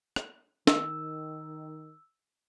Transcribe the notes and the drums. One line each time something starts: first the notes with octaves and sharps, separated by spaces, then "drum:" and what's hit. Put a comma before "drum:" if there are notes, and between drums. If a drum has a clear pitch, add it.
drum: rim click
D#3 E6, drum: snare